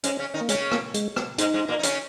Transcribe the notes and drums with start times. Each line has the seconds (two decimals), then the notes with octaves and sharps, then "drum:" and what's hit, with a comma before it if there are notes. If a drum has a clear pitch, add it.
0.04 G#2 G#3 C#4, drum: hi-hat
0.19 C#3 C#4
0.34 D#3 D#4
0.41 A#3
0.49 C#3 G#3 C#4, drum: hi-hat
0.71 A#3, drum: rim click
0.94 G#3, drum: hi-hat
1.16 drum: rim click
1.38 G#2 G#3 D#4, drum: hi-hat
1.54 G#2 G#3
1.68 A#2 A#3
1.79 D#4
1.83 C#3 C#4, drum: hi-hat